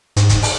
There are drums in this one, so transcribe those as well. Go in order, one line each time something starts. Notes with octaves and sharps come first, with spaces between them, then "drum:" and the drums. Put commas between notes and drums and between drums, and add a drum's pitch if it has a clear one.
G#2, drum: hi-hat
drum: kick, hi-hat
drum: open hi-hat